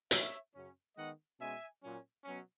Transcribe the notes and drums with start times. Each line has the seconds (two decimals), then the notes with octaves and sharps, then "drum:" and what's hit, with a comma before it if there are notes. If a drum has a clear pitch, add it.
0.11 G#2 F#3 C#4 C#5 E5, drum: hi-hat
0.54 F#2 C#3 F#3 C#4
0.97 D#3 G#3 B3 D#4 D#5 F#5
1.39 B2 G#3 C#4 E5 G#5
1.82 A#2 F#3 C#4
2.24 B2 F#3 C#4